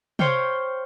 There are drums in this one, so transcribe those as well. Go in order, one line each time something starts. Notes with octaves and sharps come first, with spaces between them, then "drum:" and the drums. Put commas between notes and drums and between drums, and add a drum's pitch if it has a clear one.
C5 C#5 F5 G5, drum: tom C3